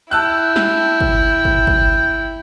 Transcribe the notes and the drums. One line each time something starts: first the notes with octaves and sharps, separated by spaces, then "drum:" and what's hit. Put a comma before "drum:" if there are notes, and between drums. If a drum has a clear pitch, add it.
E4 G5 A5 E6 F#6
drum: snare
drum: kick
drum: kick
drum: kick